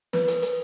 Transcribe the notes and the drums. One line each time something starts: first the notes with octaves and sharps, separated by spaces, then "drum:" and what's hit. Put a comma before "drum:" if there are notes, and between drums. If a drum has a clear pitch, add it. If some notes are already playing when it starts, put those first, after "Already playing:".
B4, drum: snare
drum: hi-hat
drum: hi-hat